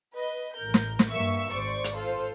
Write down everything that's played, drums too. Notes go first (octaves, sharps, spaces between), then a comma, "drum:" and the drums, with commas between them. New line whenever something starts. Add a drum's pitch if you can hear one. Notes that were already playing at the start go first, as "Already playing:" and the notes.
B4 D#5
A1 A#4 G6
drum: snare
drum: snare
G2 A#3 E5 C#6 E6
G#1 C5 D5 C#6
drum: hi-hat
F4 A4 C5